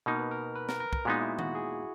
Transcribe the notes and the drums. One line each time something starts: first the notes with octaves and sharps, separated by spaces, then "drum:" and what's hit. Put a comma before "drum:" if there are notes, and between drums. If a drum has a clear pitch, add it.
B2 A#3 D#4 A#4
B4
A#4
B4
A#4, drum: snare
A#4
A#4, drum: kick
A#2 G#3 B3 D#4 F#4
E4
F#4, drum: tom D#3
G#4